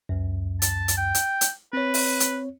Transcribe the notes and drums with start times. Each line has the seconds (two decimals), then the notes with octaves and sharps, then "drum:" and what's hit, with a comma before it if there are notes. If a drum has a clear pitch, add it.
0.09 C#2 F#2
0.62 A5, drum: hi-hat
0.88 drum: hi-hat
0.98 G5
1.15 drum: hi-hat
1.41 drum: hi-hat
1.73 C4 B4 C#5
1.94 drum: open hi-hat
2.20 drum: hi-hat